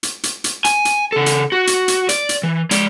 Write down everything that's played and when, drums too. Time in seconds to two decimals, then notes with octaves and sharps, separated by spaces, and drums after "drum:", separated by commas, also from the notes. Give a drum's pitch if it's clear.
0.03 drum: hi-hat
0.23 drum: hi-hat
0.44 drum: hi-hat
0.65 G#5, drum: hi-hat
0.85 drum: hi-hat
1.12 C#3 A4
1.26 drum: hi-hat
1.52 F#4
1.67 drum: hi-hat
1.88 drum: hi-hat
2.09 D5, drum: hi-hat
2.29 drum: hi-hat
2.43 E3
2.71 G#3 D5, drum: hi-hat